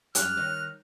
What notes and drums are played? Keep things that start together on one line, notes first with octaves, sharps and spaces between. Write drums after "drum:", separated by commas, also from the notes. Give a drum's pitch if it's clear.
F#2 G3 F6 F#6, drum: hi-hat
D#3 D#4 C#5